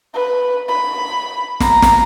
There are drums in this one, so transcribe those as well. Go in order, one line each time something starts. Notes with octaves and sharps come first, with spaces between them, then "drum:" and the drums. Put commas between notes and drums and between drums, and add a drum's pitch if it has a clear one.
B4
B5
A#5, drum: snare
drum: snare